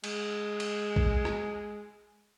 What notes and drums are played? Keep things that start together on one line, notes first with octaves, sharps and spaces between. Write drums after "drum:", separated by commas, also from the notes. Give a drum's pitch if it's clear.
G#3, drum: cymbal
drum: cymbal
drum: kick
drum: rim click